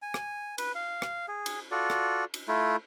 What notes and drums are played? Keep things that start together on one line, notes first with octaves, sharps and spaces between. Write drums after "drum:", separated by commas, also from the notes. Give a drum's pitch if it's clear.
G#5
drum: rim click
B4, drum: cymbal
F5
drum: rim click
G#4
drum: cymbal
F4 F#4 A4 D5
drum: rim click
drum: cymbal
A3 E4 F4